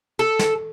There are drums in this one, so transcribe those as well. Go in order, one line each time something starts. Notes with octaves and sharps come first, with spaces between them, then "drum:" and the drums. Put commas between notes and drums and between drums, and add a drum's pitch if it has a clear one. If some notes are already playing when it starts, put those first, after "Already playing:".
A4
drum: snare